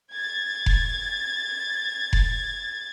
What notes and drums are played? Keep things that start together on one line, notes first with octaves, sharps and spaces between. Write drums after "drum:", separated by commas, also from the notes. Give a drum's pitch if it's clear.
G#6 A6
drum: kick F1
drum: kick F1